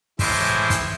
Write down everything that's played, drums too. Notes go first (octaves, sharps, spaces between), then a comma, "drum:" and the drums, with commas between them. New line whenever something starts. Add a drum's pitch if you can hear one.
A2 E3 G#3 C5 E5, drum: kick, open hi-hat
drum: kick, hi-hat